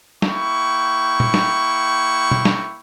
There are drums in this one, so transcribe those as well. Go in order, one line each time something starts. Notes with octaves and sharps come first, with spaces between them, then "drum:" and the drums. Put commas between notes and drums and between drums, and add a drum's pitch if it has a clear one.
A#3 E4 G5 C#6, drum: snare
drum: tom
drum: snare
drum: tom B2
drum: snare